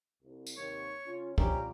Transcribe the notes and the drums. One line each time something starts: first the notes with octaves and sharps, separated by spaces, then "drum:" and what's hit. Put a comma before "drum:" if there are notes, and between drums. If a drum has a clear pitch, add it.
C2
drum: tambourine
D#2 C3 C#5 C#6
C#3 C#4 F4
F2 G3 C#4 G4 A#5, drum: kick